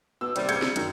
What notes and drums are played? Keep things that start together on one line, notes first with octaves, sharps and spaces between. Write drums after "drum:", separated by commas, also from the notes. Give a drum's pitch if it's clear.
B2 E6
D#2 C3 G3, drum: hi-hat
C#3 G6 G#6 C#7, drum: hi-hat
drum: snare B3
F#2 D#3 F#3, drum: hi-hat